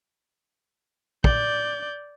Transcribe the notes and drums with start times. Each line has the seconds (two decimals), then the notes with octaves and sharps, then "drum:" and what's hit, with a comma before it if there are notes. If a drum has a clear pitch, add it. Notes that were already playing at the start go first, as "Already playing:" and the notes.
1.24 D5 G6, drum: kick